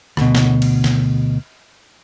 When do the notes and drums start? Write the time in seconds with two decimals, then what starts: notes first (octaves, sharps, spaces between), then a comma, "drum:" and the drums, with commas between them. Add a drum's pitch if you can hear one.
0.17 D2 B2, drum: rim click
0.35 drum: snare
0.62 drum: cymbal
0.84 drum: snare